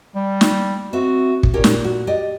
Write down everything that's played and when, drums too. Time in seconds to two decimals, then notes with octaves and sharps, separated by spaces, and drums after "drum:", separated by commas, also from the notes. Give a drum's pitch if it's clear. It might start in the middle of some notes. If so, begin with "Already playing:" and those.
0.15 G3
0.41 drum: snare
0.93 C4 F#4 E5
1.43 drum: kick
1.54 A#2 C#4 G4 A#4
1.64 drum: snare
1.84 F#4
2.07 G4 D5 D#5